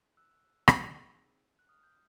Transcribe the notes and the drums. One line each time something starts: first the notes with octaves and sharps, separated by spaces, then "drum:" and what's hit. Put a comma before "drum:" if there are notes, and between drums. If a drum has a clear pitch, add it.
E6 F#6
C4 D#4 G#4, drum: rim click
F#6
D#6 F6
G6